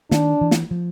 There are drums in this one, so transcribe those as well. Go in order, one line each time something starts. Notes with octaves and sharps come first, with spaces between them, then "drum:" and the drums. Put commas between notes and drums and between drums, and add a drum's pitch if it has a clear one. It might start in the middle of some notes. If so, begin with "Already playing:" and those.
D#3 D4, drum: snare
E3
drum: snare
F3